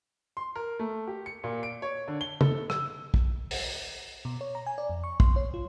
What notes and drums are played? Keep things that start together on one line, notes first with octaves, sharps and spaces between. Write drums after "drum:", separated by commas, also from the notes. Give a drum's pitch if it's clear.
C6
A#4
A3
G4
C#7
A#2
D7
C#5
D3
G7
A4, drum: tom
E6, drum: rim click
drum: kick
drum: open hi-hat
B2
C#5
A#5
G#5
D5
F2
C#6
C6, drum: kick
C#5
F4